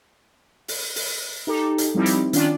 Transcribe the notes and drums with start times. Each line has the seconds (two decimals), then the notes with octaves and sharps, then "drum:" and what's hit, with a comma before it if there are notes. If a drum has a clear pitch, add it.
0.68 drum: open hi-hat
0.96 drum: open hi-hat
1.47 D#4 G4 A4
1.78 drum: hi-hat
1.95 F3 G3 C4 D#4 E4 G4
2.06 drum: hi-hat
2.33 D#3 C#4 D4 F4 D5, drum: hi-hat